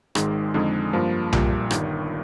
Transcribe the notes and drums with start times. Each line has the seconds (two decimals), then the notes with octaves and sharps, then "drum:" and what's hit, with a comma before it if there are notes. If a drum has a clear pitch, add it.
0.15 G#1 G#2 D#3 G#3, drum: rim click
0.54 F2 D3 G#3 D#4 G#4
0.93 G2 F3 A#3 F4
1.33 A#1 A#2 G3, drum: tom B1
1.71 G1 G2 D#3, drum: rim click